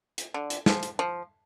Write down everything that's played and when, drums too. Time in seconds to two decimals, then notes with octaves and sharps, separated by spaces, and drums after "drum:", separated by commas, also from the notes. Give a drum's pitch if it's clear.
0.18 drum: hi-hat
0.34 D3
0.50 drum: hi-hat
0.66 F3, drum: snare
0.83 drum: hi-hat
0.99 F3